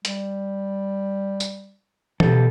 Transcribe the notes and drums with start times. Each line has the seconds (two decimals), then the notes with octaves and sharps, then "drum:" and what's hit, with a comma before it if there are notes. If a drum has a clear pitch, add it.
0.05 G3, drum: hi-hat
1.40 drum: tambourine
2.20 B2 G4 A4, drum: tom E3